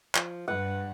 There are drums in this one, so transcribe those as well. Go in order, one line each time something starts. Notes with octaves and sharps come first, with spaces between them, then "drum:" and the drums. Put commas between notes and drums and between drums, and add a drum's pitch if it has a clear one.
F3, drum: clap
G2 B4 F#5